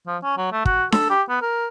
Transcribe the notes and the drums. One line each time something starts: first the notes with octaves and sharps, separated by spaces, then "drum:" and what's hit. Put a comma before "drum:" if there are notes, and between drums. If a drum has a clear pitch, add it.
F3
C#4
F#3
A3
F#4, drum: kick
A4, drum: snare D4
G4
B3
A#4